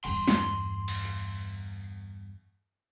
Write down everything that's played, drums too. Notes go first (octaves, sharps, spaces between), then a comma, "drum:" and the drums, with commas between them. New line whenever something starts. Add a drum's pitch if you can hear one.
E2 G2 C6, drum: cymbal
drum: snare
drum: cymbal
drum: hi-hat